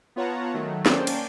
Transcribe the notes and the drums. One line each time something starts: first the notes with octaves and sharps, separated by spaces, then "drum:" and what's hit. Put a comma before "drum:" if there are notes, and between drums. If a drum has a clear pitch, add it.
B3 F4 C#5 F#5 A5 A#5
D#3 F#3 A3
A#3 C#4 C5 D5 G5 A5, drum: snare
drum: cymbal